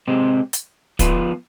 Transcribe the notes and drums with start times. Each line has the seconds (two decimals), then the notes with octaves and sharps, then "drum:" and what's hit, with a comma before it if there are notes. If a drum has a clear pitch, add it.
0.08 C3 G#3 C4
0.53 drum: hi-hat
0.99 F3 B3 F4 B4, drum: kick, hi-hat